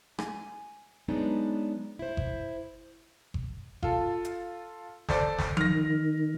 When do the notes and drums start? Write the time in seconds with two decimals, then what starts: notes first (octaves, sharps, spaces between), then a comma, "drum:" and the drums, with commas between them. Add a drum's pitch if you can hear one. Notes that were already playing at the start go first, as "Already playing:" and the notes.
0.19 G#5, drum: rim click
1.08 F#3 G#3 B3 D4 D#4
1.99 E4 C5
2.17 drum: kick G1
3.34 drum: kick G1
3.83 F4 A4, drum: kick G1
4.25 drum: hi-hat
5.09 A4 C5 D5, drum: snare
5.38 drum: snare
5.57 D#3 F6 A#6, drum: tom F3